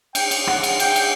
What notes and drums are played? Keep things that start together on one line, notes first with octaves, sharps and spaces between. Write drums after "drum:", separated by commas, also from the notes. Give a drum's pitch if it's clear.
G5, drum: cymbal
drum: cymbal
F#5, drum: rim click
drum: cymbal
G5, drum: cymbal
drum: cymbal